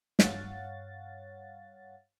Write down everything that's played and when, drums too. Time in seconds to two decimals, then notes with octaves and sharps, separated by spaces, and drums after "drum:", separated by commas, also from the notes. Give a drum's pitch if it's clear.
0.19 G2 C#5 F5 F#5 A6, drum: snare